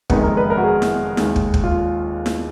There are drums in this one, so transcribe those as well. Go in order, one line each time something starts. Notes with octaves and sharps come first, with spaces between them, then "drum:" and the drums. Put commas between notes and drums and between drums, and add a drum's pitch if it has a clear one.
F#1 F2 D#3 G#3 B3 D#4, drum: kick
A#4
B4
A#4
F#4
G#4
drum: snare E4
D#2 D#3 G#3, drum: snare E4
drum: kick
drum: kick
F4
drum: snare E4